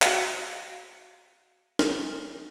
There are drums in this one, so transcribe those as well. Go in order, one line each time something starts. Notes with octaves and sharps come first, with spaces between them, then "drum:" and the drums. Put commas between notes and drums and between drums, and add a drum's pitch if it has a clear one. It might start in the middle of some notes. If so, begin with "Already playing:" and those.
F#4 F5, drum: clap
drum: snare